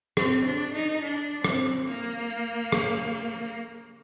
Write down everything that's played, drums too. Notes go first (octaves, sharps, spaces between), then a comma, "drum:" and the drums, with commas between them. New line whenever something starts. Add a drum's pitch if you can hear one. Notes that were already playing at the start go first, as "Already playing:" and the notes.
C4, drum: rim click
D4
D#4
D4
C4, drum: rim click
A#3
drum: rim click